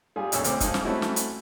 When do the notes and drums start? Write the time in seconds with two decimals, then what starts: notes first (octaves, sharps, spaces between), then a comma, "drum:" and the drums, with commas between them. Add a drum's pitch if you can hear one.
0.16 G3 F4 G#4
0.32 B1 F#2 A#2 C#5 E6, drum: hi-hat
0.44 D2 C4 D6, drum: hi-hat
0.60 F3 G#3 D#4, drum: kick, hi-hat
0.74 drum: snare
0.84 A3 C4 C#4 E4 F#4
1.02 drum: snare
1.16 drum: hi-hat